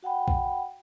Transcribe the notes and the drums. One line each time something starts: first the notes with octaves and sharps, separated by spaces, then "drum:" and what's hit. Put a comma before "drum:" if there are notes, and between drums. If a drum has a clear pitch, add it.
F#4 F#5 G5 B5
drum: kick A#1